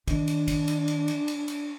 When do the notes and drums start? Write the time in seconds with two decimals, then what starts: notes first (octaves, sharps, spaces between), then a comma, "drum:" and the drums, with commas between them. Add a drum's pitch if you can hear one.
0.08 D#3 D4, drum: kick, cymbal
0.28 drum: cymbal
0.48 drum: kick, cymbal
0.68 drum: cymbal
0.88 drum: cymbal
1.08 drum: cymbal
1.28 drum: cymbal
1.48 drum: cymbal